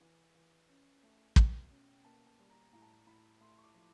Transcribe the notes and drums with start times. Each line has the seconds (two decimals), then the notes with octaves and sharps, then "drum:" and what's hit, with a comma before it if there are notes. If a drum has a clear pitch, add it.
0.01 E3
0.35 E3
0.69 C#4
1.03 A3
1.36 B2 G5, drum: kick
1.70 C#4
2.05 A#3 A5
2.27 A5
2.39 G3
2.49 A#5
2.73 A2 A#5
2.82 A5
2.92 A#5
3.07 A2 B5
3.41 A3 C6
3.58 C#6
3.63 D6
3.74 F3